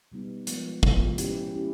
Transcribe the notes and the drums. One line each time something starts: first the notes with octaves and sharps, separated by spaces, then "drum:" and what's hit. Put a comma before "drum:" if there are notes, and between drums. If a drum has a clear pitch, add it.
B2 G3 B3 D#4
F3 G#3 B3, drum: hi-hat
F3 G#3 B3, drum: kick
G#3 C#4 E4 G4, drum: hi-hat
G#3 C#4 E4 G4